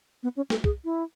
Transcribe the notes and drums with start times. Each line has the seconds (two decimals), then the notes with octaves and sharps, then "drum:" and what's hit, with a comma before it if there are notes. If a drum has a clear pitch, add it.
0.23 B3
0.37 C#4
0.50 A4, drum: snare
0.64 G#4, drum: kick
0.85 E4